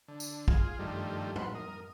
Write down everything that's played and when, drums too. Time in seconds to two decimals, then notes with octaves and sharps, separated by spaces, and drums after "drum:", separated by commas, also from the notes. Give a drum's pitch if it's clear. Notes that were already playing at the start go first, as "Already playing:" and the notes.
0.08 D3
0.20 drum: tambourine
0.48 F4 G#4, drum: kick
0.79 G2 D#3 F3 G3 A3
1.36 B4 F#5 C6, drum: tom
1.55 A#4 D#6